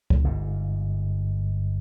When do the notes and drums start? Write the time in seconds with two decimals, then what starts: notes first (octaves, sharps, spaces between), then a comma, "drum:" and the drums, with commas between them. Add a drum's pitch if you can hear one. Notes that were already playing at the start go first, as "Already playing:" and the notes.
0.10 drum: kick C#2
0.24 G1 G#2